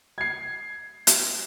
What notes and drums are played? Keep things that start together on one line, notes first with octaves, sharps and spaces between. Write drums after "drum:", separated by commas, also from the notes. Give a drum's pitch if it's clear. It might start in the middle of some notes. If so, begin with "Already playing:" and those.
G#6 C7
drum: hi-hat